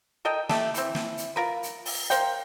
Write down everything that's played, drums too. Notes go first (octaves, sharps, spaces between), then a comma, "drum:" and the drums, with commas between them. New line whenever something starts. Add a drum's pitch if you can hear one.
A4 A#4 D#5 G5
A3 G4 A4, drum: snare
E3 C4, drum: hi-hat
drum: snare
drum: hi-hat
F4 A#4 B4
drum: hi-hat
drum: open hi-hat
A#4 C5 F5 G5, drum: hi-hat